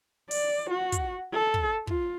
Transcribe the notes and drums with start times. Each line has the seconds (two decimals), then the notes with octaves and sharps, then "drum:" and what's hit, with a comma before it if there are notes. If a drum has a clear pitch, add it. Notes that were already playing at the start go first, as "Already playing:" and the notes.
0.31 D5, drum: open hi-hat
0.70 F#4
0.92 drum: kick, hi-hat
1.33 A4
1.54 drum: kick
1.87 F4, drum: kick